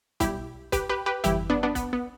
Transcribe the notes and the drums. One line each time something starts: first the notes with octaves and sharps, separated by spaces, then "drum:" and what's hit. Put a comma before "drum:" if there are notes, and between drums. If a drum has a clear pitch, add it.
B1 B2 G3 E4 G4, drum: kick, hi-hat
G4 B4, drum: kick, hi-hat
G4 B4
G4 B4
G1 F2 E3 G3 E4 G4, drum: hi-hat
B3 D4
B3 D4
B3, drum: kick, hi-hat
B3